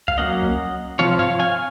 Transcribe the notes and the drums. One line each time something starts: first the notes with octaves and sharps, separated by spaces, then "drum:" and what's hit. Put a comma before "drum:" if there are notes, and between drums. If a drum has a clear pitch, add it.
F5, drum: kick C#2
F#3 A#3 C#4 D#5 F#5
drum: kick C#2
F3 C4 C#5 F5, drum: tom
C#5 F5, drum: tom G2
F5 G#5